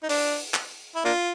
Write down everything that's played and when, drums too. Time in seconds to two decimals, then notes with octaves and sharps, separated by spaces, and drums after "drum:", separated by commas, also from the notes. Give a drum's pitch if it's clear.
0.03 D#4
0.09 D4, drum: open hi-hat
0.54 drum: clap
0.95 E4
1.05 A#3 D4 F4